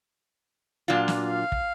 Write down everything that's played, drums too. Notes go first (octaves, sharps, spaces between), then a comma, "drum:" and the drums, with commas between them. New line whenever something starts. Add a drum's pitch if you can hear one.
A#2 F#3 D4 F4
drum: snare
F5
drum: kick